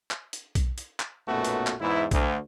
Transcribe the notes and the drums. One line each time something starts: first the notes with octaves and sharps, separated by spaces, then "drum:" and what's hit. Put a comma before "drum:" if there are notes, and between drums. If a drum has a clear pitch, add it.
drum: clap
drum: hi-hat
drum: kick B1, hi-hat
drum: hi-hat
drum: clap
B1 F#2 A#2 A3 B3 F#4
drum: hi-hat
drum: clap
E2 G#2 B3 E4
D2, drum: kick B1, hi-hat